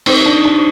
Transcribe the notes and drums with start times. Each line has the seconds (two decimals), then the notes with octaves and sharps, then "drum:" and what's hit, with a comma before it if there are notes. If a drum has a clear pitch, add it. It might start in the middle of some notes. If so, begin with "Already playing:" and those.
0.06 C4 D#4, drum: cymbal
0.26 D4
0.32 D#4
0.45 D4